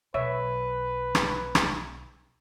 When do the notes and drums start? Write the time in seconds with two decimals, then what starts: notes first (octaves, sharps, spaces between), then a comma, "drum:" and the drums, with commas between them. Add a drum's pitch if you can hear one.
0.14 B1 B4 C#5 E5
1.15 drum: rim click
1.55 drum: rim click